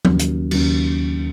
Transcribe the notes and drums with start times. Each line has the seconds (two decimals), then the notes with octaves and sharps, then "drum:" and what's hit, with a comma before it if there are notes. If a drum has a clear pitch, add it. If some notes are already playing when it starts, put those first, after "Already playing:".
0.05 D#2 C#3 F#3, drum: tom F3
0.19 drum: hi-hat
0.51 D#2 C#3 F#3, drum: cymbal